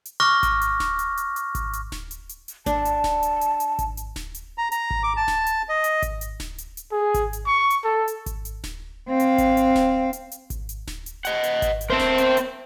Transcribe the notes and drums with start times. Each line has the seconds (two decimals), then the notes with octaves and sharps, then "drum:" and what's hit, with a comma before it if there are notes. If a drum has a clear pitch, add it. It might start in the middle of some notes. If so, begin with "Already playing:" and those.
0.05 drum: hi-hat
0.20 C#6 D6 F6 F#6 A#6
0.43 drum: kick G#1, hi-hat
0.61 drum: hi-hat
0.80 drum: snare D1
0.99 drum: hi-hat
1.17 drum: hi-hat
1.36 drum: hi-hat
1.55 drum: kick G#1, hi-hat
1.73 drum: hi-hat
1.92 drum: snare D1
2.11 drum: hi-hat
2.29 drum: hi-hat
2.48 drum: hi-hat
2.66 D4 A5, drum: kick G#1, hi-hat
2.85 drum: hi-hat
3.04 drum: snare D1
3.23 drum: hi-hat
3.41 drum: hi-hat
3.60 drum: hi-hat
3.79 drum: kick G#1, hi-hat
3.97 drum: hi-hat
4.16 drum: snare D1
4.35 drum: hi-hat
4.58 A#5
4.72 A#5, drum: hi-hat
4.91 drum: kick G#1
5.03 D6
5.17 A5
5.28 drum: snare D1
5.46 drum: hi-hat
5.69 D#5
5.84 drum: hi-hat
6.02 drum: kick G#1, hi-hat
6.21 drum: hi-hat
6.40 drum: snare D1
6.58 drum: hi-hat
6.77 drum: hi-hat
6.92 G#4
7.14 drum: kick G#1, hi-hat
7.33 drum: hi-hat
7.46 C#6
7.70 drum: hi-hat
7.84 A4
8.08 drum: hi-hat
8.26 drum: kick G#1, hi-hat
8.45 drum: hi-hat
8.64 drum: snare D1
9.09 C4 F5
9.20 drum: hi-hat
9.38 drum: kick G#1, hi-hat
9.57 drum: hi-hat
9.76 drum: snare D1
10.13 drum: hi-hat
10.32 drum: hi-hat
10.50 drum: kick G#1, hi-hat
10.69 drum: hi-hat
10.87 drum: snare D1
11.06 drum: hi-hat
11.25 D#5 F#5, drum: hi-hat
11.43 drum: hi-hat
11.62 drum: kick G#1, hi-hat
11.81 drum: hi-hat
11.90 C4 A#4 C5 E5 A5
11.99 drum: snare D1
12.18 drum: hi-hat
12.37 drum: hi-hat